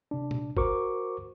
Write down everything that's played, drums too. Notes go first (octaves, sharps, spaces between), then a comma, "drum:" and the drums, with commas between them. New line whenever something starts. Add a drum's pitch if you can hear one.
C3 D4
drum: tom A#2
F#4 A#4 C5 C#6 D6, drum: kick G1